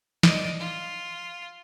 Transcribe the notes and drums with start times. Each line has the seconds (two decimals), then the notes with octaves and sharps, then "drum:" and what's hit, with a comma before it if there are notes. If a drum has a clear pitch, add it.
0.23 D5 D#5, drum: snare
0.60 F4